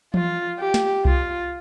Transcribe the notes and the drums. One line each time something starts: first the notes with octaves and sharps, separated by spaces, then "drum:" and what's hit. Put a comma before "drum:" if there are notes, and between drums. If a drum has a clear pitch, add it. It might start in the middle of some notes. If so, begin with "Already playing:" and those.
F4, drum: tom E3
G4
drum: snare
F4, drum: kick C2